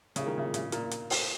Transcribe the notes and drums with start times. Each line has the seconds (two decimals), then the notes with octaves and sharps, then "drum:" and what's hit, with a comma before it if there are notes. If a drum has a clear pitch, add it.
0.16 A#2 C#3 G#3 F4 G#4, drum: hi-hat
0.26 D#3
0.38 C#3
0.54 C#3, drum: hi-hat
0.72 A#2, drum: hi-hat
0.91 drum: hi-hat
1.10 drum: open hi-hat